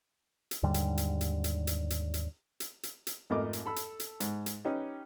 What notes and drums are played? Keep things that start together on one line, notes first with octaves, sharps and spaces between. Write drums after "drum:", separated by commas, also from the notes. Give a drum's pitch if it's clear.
drum: hi-hat
D#2 G#2 D3 G3
drum: hi-hat
drum: hi-hat
drum: hi-hat
drum: hi-hat
drum: hi-hat
drum: hi-hat
drum: hi-hat
drum: hi-hat
drum: hi-hat
drum: hi-hat
G#1 F2 A3 A#4 D#5 D6
drum: hi-hat
A4 B5 E6
drum: hi-hat
drum: hi-hat
G#2, drum: hi-hat
drum: hi-hat
C#4 D#4 G4 B4 D#5